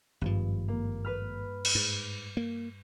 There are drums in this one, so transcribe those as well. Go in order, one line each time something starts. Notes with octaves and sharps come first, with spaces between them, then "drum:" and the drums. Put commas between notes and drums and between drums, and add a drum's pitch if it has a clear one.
G#1 G2 F3
A#3
B4 B5 F6
drum: cymbal
G#2
A#3